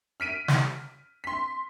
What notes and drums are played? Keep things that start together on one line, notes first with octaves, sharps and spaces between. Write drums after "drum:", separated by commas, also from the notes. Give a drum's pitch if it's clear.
F6 B6 D7 D#7
drum: snare
C6 B6